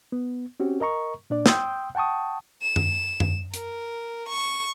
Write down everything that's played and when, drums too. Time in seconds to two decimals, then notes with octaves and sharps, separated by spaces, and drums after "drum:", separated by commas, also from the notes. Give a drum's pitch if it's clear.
0.12 B3
0.60 C4 C#4 F#4 G4
0.80 A#4 D#5 A#5 C#6
1.30 A#2 D4 D5
1.46 G5 C6 D#6 E6 G6, drum: snare
1.95 F#5 G5 A5 C#6 D#6
2.62 E7
2.76 drum: tom F#2
3.20 drum: tom F#2
3.54 A#4, drum: hi-hat
4.29 C#6